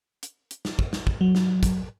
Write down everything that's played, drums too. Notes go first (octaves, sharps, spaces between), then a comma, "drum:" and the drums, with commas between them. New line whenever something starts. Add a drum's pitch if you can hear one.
drum: hi-hat
drum: hi-hat
drum: snare
drum: kick
drum: snare
drum: kick
F#3
drum: snare
drum: kick, hi-hat